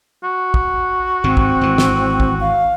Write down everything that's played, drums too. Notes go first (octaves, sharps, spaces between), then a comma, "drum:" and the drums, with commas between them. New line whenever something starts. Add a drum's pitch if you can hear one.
F#4
drum: kick
G#1 G#2 C3 C4
drum: kick
G#1 E3
drum: snare
drum: kick
F5